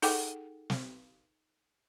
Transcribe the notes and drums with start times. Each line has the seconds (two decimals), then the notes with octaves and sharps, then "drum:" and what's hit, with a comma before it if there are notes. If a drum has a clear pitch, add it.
0.02 D#4 G#4 A4 F#5 G5 D6, drum: open hi-hat
0.70 drum: snare